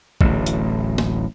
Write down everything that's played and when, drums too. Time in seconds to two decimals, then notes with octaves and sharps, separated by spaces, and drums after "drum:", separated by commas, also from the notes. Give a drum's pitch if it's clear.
0.21 D1 A1, drum: kick
0.46 drum: hi-hat
0.98 drum: snare